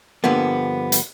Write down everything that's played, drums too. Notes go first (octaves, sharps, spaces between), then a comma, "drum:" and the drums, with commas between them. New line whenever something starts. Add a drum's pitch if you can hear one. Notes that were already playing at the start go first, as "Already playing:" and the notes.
G2 D3 F3 A#3 B3
drum: hi-hat